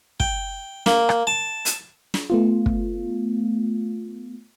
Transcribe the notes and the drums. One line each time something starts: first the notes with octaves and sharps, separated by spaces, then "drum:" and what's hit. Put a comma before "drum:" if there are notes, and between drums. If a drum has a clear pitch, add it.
G5, drum: kick
A#3, drum: snare
drum: rim click
A5
drum: hi-hat
drum: snare
A3 B3 F4
drum: kick